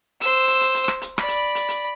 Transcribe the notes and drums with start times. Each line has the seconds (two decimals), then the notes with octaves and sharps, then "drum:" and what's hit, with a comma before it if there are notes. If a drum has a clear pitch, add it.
0.21 C5 E6, drum: hi-hat
0.48 drum: hi-hat
0.61 drum: hi-hat
0.75 drum: hi-hat
0.88 drum: rim click
1.01 drum: hi-hat
1.18 D5 B5, drum: rim click
1.28 drum: hi-hat
1.55 drum: hi-hat
1.68 drum: hi-hat